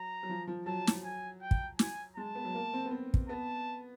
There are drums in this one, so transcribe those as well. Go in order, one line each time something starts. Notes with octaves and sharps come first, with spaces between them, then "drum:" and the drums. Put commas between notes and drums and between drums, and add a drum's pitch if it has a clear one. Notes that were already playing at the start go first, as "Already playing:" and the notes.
Already playing: F#3 A#5
F#3
F3
F3
F#3 A5
drum: snare
G#5
G5
drum: kick
G#5, drum: snare
G#3 A5
B3
F#3
A#3
C4
B3
C4
drum: kick
B3 A5